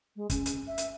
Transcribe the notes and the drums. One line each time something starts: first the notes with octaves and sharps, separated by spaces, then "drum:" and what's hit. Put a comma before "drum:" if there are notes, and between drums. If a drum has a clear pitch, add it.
G#3
C#4, drum: kick, hi-hat
drum: hi-hat
E5
drum: hi-hat